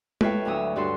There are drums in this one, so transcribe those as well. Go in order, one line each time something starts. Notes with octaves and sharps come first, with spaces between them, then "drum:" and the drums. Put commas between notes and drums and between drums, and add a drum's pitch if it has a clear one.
A4 B4 C#5 E5 F5 G5, drum: tom G#3
D2 A2 F#3 D#6 E6
G2 F#3 F#4 A4 C6